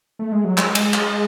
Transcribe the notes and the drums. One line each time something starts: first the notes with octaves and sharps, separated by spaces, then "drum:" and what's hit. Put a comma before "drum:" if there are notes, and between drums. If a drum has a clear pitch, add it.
A3
G#3
F#3
G#3, drum: clap
drum: cymbal
drum: clap